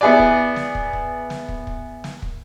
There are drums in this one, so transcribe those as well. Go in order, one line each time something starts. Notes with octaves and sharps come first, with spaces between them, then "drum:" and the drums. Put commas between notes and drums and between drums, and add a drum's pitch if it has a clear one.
B3 E4 G#4 B4 D5
drum: kick
drum: snare
drum: kick
drum: kick
drum: snare
drum: kick
drum: kick
drum: snare
drum: kick